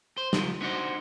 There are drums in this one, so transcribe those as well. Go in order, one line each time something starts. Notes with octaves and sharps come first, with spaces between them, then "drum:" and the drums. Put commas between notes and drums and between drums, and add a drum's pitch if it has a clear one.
C5
C#3 F3, drum: snare
B3 D4 D#4 F#4 C5